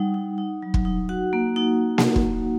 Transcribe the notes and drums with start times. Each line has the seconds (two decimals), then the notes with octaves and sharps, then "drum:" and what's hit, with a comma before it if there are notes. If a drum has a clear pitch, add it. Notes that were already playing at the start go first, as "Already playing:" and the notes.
Already playing: G3 D#4 F#5
0.14 D#4
0.38 D#4
0.63 F#3
0.74 drum: kick
0.85 D#4
1.09 F#4 F#5
1.33 A#3
1.56 D#4
1.98 drum: snare A#3
2.16 drum: kick